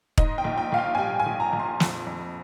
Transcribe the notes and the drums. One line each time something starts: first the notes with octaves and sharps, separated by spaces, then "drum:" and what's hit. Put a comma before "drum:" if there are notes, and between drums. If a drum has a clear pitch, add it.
G#2 D#5, drum: kick E1
G5
A#1
G5
A#1 F5
G5
G#5
G3 G5
G#5
A#1
A#5
A#1
C6
F2, drum: snare
F2